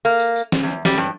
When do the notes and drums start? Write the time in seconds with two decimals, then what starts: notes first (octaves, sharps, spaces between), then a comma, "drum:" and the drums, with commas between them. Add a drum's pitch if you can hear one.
0.05 A#3
0.20 drum: tambourine
0.36 drum: tambourine
0.52 drum: snare
0.63 E2
0.85 G3, drum: snare
0.98 G2